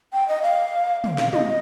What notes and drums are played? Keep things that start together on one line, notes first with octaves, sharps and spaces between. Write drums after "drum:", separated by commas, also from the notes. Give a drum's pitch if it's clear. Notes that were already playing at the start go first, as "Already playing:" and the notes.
G5
D#5
F5
F5, drum: tom
F5, drum: snare
D#5, drum: tom